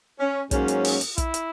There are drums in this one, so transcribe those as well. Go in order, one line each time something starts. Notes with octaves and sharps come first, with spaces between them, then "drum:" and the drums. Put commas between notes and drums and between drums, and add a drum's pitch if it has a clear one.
C#4
G#2 F#3 A#3 C#4, drum: kick, hi-hat
drum: hi-hat
drum: open hi-hat
drum: hi-hat
E4, drum: kick, hi-hat
drum: hi-hat